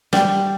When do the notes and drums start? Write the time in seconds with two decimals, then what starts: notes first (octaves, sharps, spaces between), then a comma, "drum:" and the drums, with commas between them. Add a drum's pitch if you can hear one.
0.13 G3, drum: snare